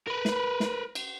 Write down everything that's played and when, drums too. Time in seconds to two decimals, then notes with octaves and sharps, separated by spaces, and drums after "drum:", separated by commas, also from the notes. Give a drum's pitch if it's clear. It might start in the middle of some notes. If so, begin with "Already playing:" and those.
0.07 A#4 B4
0.25 drum: snare
0.60 drum: snare
0.95 drum: cymbal